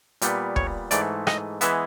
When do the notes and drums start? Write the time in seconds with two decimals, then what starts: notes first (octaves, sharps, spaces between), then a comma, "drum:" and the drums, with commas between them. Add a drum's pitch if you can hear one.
0.22 A#2 G3 B3, drum: hi-hat
0.56 C#5, drum: kick
0.91 G#2 E3 A3 D5, drum: hi-hat
1.27 D#5, drum: rim click
1.61 E3 G#3 B3 E5, drum: hi-hat